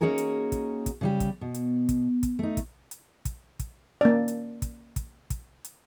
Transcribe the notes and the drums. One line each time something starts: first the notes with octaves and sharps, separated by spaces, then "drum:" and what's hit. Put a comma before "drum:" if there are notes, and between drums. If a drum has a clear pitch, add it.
A#3 C#4 D#4 F#4 G#4 A#4
drum: hi-hat
drum: kick, hi-hat
drum: kick, hi-hat
C#3 G3 G4
drum: kick, hi-hat
B2
drum: hi-hat
drum: kick, hi-hat
drum: kick, hi-hat
A3 D#4
drum: kick, hi-hat
drum: hi-hat
drum: kick, hi-hat
drum: kick, hi-hat
A#3 C#4 D5
drum: hi-hat
drum: kick, hi-hat
drum: kick, hi-hat
drum: kick, hi-hat
drum: hi-hat